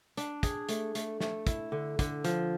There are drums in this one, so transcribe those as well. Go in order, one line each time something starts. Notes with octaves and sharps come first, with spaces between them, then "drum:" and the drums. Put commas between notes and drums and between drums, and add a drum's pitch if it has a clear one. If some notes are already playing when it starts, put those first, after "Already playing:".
D4, drum: hi-hat
G#4, drum: kick, hi-hat
A3, drum: hi-hat
A3, drum: hi-hat
A3, drum: snare
E4, drum: kick, hi-hat
D3
D3, drum: kick, hi-hat
F3, drum: hi-hat